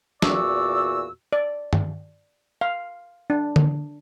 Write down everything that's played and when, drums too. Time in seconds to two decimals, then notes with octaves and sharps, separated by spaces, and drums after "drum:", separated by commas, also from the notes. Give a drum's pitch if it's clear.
0.22 E2 A#2 F#4 D5 E6, drum: snare
1.33 D5
1.73 drum: tom
2.61 F5
3.30 D4
3.56 drum: tom